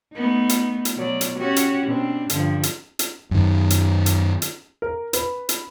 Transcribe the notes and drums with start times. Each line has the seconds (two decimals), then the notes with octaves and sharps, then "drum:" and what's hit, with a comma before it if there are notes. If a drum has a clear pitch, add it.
0.13 A3 B3 D#4
0.49 drum: hi-hat
0.85 drum: hi-hat
0.96 B2 F#3 D5
1.21 drum: hi-hat
1.39 C#4 F#4 G4
1.56 drum: hi-hat
1.87 B2 C4 D4
2.30 G2 D3 F3, drum: hi-hat
2.63 drum: hi-hat
2.99 drum: hi-hat
3.31 F#2 D#3
3.70 drum: hi-hat
4.06 drum: hi-hat
4.42 drum: hi-hat
4.82 A#4
5.13 B4, drum: hi-hat
5.49 drum: hi-hat